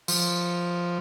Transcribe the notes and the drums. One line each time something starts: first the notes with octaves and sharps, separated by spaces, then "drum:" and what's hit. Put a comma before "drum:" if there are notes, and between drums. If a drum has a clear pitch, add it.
F3, drum: tambourine